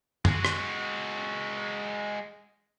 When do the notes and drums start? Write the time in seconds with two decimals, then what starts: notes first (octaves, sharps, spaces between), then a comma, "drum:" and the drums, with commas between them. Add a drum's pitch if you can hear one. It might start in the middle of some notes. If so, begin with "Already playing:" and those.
0.25 G#3 F#4, drum: tom
0.45 drum: rim click